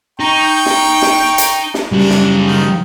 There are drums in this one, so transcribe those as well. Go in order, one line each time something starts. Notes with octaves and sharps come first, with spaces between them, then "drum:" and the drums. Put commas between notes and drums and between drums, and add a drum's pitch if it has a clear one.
D#4 G5 A#5 C#6
drum: snare
drum: snare
drum: hi-hat
drum: snare
C#3 F#3 G3 D4
drum: snare
D#3